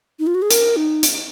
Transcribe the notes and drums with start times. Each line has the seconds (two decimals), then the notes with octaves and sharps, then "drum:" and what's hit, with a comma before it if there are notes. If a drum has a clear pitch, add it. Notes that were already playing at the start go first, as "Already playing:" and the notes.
0.19 D#4
0.27 F4
0.35 F#4
0.42 G#4
0.50 A#4, drum: hi-hat
0.76 D#4
1.03 drum: hi-hat